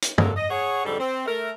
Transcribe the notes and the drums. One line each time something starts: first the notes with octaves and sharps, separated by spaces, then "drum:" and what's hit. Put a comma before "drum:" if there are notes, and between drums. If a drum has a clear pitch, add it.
drum: hi-hat
C3 F#3 G#3 A#3 A4 A#4, drum: tom
D#5
G#4 C#5 F#5
F2 G#2 D3 G3 A4
C4
A3 A#4